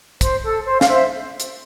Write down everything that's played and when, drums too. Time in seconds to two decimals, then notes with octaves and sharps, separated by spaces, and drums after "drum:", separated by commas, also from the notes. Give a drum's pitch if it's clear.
0.21 C5, drum: kick, hi-hat
0.43 A4
0.65 C5
0.81 F5, drum: snare
0.87 C5 E5
1.40 drum: hi-hat